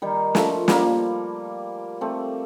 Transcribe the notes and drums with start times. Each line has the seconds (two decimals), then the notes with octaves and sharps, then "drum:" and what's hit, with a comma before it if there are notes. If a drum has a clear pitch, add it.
0.02 D#3 G3
0.35 F3 A3, drum: snare
0.68 G3 A#3, drum: snare
2.01 A3 C4